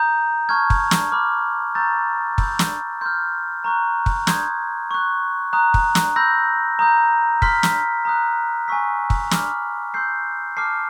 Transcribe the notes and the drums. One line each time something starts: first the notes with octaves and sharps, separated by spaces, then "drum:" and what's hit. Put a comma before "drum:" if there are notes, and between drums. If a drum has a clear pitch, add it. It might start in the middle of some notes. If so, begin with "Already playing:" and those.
Already playing: A#5 D#6 G6
A5 C#6 F6 G#6
drum: kick
drum: snare
B5 D6 F6
A#5 C#6 E6 G6 A6
B5 E6 G6, drum: kick
drum: snare
C6 F6 G6
A#5 C#6 F#6
drum: kick
C6 D#6 G6 G#6, drum: snare
C#6 F#6
A#5 D#6 F#6
drum: kick
drum: snare
B5 E6 G6 A#6
A#5 D#6 G6
C6 F6 B6, drum: kick
drum: snare
A#5 D#6 F#6
G#5 C#6 E6 B6
drum: kick
B5 D6 F6, drum: snare
C6 E6 G6 C7
A5 D6 F6 C7